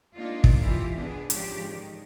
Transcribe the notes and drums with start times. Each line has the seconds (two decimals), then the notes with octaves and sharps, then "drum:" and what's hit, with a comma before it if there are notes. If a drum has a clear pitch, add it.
0.16 G#3 A#3 D4 D#4 F4
0.44 drum: kick
0.61 D#3 E3 E4 F4 G4
0.95 B3 D4 G#4
1.30 G#2 C#3 F3 D4 G4, drum: hi-hat
1.69 D#3